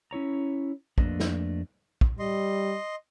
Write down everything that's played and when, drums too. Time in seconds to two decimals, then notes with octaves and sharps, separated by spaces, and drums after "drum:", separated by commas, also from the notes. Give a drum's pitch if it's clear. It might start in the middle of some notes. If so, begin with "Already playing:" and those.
0.11 C#4 E4 C#5 A#5
0.98 F2 A3 A#3 D4 B4 D#5, drum: kick
1.20 drum: snare
2.01 drum: kick
2.19 G3 D#5 C6